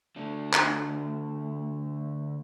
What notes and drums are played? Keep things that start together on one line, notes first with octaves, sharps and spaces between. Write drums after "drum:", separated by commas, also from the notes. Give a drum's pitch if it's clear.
D3 A3
drum: clap